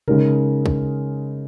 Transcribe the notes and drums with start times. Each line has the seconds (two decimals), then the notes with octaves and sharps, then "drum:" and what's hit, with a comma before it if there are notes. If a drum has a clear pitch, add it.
0.08 C#3 G#3 D#4 A#4, drum: tom B2
0.66 drum: kick